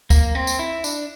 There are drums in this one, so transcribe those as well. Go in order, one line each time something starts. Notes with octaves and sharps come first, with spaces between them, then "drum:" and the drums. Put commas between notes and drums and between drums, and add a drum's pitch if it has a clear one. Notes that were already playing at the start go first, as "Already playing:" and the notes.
A#3, drum: kick, tambourine
C4
drum: tambourine
E4
D4, drum: tambourine